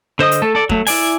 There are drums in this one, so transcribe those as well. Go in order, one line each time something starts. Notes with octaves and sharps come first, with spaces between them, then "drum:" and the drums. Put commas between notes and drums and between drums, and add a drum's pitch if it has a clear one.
D3 C5 D#5 D#6
drum: hi-hat
A3 A4
A4 D5
F#3 A3, drum: kick
E4 D5 G#5, drum: open hi-hat